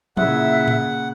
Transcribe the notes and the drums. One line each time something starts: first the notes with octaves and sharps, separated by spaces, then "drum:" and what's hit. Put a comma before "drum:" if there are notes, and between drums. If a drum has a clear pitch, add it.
A#2 C#3 E4 E5 F#5, drum: tom
drum: tom A2